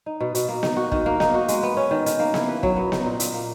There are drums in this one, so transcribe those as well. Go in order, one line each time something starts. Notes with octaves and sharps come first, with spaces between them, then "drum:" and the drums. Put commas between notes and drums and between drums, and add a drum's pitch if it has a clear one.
D#4
B2
B2, drum: hi-hat
A#3
D#4, drum: snare B3
F#4
D#3, drum: kick
A#3
D#4, drum: snare B3
F#4
G#3, drum: hi-hat
B3
C#4
D#3
D#3, drum: hi-hat
A#3
E4, drum: snare B3
B4
F#3, drum: kick
B3
D#4, drum: snare B3
A#2
A#2, drum: hi-hat
A#3